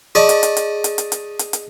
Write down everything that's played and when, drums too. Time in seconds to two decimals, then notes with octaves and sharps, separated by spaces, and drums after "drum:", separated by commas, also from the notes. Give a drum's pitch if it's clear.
0.15 G#4 D5 D#5 A5
0.29 drum: hi-hat
0.43 drum: hi-hat
0.57 drum: hi-hat
0.84 drum: hi-hat
0.98 drum: hi-hat
1.12 drum: hi-hat
1.39 drum: hi-hat
1.53 drum: hi-hat